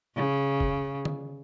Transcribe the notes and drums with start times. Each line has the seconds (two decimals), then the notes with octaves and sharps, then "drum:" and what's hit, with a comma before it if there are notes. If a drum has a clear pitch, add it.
0.15 C#3
0.60 drum: kick
1.05 drum: tom D3